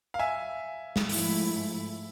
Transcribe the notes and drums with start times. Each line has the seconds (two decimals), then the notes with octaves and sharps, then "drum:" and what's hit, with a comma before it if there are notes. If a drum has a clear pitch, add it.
0.14 F5
0.19 E5 G#5
0.96 drum: snare
1.09 G#2 F3 A3 E4, drum: open hi-hat